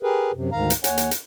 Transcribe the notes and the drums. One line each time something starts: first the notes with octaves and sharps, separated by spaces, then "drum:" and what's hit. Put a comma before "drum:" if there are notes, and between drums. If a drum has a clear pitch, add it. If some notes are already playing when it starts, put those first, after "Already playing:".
G4 G#4 A#4 B4
F#2 C3
D2 G#2 D#3 F5 A#5
drum: hi-hat
D#2 C#5 F#5 G#5, drum: hi-hat
drum: hi-hat
drum: hi-hat